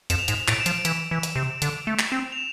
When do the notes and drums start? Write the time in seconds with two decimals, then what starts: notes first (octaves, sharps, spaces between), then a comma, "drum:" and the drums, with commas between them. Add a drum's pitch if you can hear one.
0.10 F2 E7, drum: hi-hat
0.19 F7
0.28 G#2 E7, drum: hi-hat
0.48 A2 D7, drum: clap
0.60 E7
0.66 F3, drum: hi-hat
0.73 D7
0.85 E3 E7, drum: hi-hat
1.11 E3
1.23 drum: hi-hat
1.36 C3
1.62 D3, drum: hi-hat
1.87 A3
1.99 drum: clap
2.12 C4
2.32 F7
2.37 E7